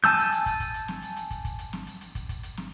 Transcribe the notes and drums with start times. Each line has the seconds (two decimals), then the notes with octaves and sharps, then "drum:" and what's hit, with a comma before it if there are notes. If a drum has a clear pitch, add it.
0.04 G#5 A5 E6 G6, drum: snare
0.18 drum: hi-hat
0.32 drum: hi-hat
0.46 drum: kick, hi-hat
0.60 drum: kick, hi-hat
0.74 drum: hi-hat
0.88 drum: snare
1.02 drum: hi-hat
1.16 drum: hi-hat
1.31 drum: kick, hi-hat
1.45 drum: kick, hi-hat
1.59 drum: hi-hat
1.73 drum: snare
1.87 drum: hi-hat
2.01 drum: hi-hat
2.15 drum: kick, hi-hat
2.29 drum: kick, hi-hat
2.43 drum: hi-hat
2.57 drum: snare